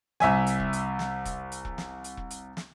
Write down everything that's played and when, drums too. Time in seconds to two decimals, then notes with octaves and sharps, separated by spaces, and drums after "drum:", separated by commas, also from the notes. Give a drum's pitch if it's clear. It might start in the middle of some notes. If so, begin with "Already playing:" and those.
0.20 C2 E5 G#5, drum: snare
0.47 drum: hi-hat
0.60 drum: kick E1
0.73 drum: hi-hat
0.99 drum: snare
1.25 drum: kick E1, hi-hat
1.52 drum: hi-hat
1.65 drum: kick E1
1.78 drum: snare
2.04 drum: hi-hat
2.17 drum: kick E1
2.30 drum: hi-hat
2.57 drum: snare